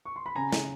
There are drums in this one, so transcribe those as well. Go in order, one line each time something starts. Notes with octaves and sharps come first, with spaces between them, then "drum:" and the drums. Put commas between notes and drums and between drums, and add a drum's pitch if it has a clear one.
C#6
C6
B5
C#3 G#5 A#5
C#3, drum: snare